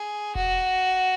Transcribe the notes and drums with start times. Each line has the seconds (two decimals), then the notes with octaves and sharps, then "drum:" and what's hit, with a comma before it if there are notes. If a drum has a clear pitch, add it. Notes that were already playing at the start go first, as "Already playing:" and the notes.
Already playing: G#4
0.35 F#4, drum: kick E1